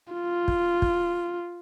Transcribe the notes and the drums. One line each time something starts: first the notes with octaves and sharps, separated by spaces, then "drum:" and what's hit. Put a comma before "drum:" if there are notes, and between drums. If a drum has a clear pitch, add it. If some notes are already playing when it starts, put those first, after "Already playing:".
F4
drum: kick
drum: kick